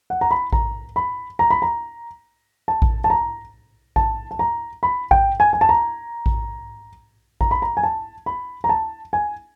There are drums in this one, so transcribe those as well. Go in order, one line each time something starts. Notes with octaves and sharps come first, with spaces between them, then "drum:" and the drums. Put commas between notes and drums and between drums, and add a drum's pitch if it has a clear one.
F#5
A#5
B5
A#5, drum: kick A1
B5
A#5
B5
A#5
A5
drum: kick A1
A5
A#5
A5, drum: kick A1
A5
A#5
B5
G5, drum: kick A1
G#5
G#5
A5
A#5
drum: kick A1
A#5, drum: kick A1
B5
A#5
G#5
A5
B5
A#5
A5
G#5